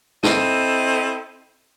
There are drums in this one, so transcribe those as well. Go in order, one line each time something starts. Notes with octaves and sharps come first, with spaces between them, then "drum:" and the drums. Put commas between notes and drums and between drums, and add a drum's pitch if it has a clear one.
C4 E4 A4 D#5, drum: snare